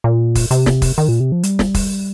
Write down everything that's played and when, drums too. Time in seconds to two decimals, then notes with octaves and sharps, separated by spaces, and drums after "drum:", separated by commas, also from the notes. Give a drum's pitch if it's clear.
0.04 A#2
0.35 drum: kick, open hi-hat
0.51 C3, drum: hi-hat
0.66 drum: snare
0.82 drum: kick, open hi-hat
0.98 D#3
1.09 A#2
1.20 C3
1.32 F3
1.43 G3, drum: hi-hat
1.59 drum: snare
1.74 drum: kick, open hi-hat